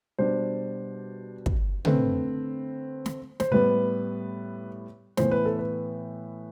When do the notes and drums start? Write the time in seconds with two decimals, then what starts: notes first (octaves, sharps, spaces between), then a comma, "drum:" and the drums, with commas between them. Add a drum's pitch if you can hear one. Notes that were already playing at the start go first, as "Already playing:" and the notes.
0.19 B2 G3 D4 C5
1.46 drum: kick
1.85 D3 A3 C4 B4, drum: tom
3.06 drum: snare
3.40 C5, drum: snare
3.51 A2 G3 B3 B4
5.17 A2 E3 B3 C5, drum: snare
5.31 B4
5.45 A4
5.59 B4